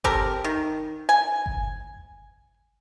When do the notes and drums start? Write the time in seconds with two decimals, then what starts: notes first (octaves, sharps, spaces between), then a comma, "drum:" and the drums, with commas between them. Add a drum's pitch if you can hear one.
0.04 C4 G4 A4 A#4, drum: kick G1
0.44 D#3
1.09 G#5
1.46 drum: kick G1